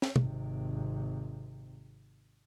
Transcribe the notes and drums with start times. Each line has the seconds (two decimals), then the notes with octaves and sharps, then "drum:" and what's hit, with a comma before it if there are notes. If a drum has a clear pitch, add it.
0.02 drum: snare
0.16 G#1 C3, drum: tom